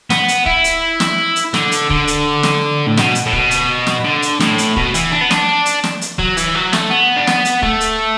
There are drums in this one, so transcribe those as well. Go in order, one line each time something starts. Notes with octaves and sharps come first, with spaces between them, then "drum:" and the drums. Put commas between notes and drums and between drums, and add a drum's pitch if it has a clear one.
B3, drum: snare
drum: hi-hat
E4, drum: kick
drum: hi-hat
drum: snare
drum: hi-hat
D3, drum: snare
drum: hi-hat
D3, drum: kick
drum: hi-hat
drum: snare
A2
B2, drum: snare
drum: hi-hat
A2
B2, drum: kick
drum: hi-hat
drum: snare
D3
drum: hi-hat
A2, drum: snare
drum: hi-hat
B2, drum: kick
E3, drum: hi-hat
D4
B3
D4, drum: snare
drum: hi-hat
drum: snare
drum: hi-hat
F#3, drum: kick
E3, drum: hi-hat
F#3
A3, drum: snare
B3
D4
B3, drum: snare
drum: hi-hat
A3, drum: kick
drum: hi-hat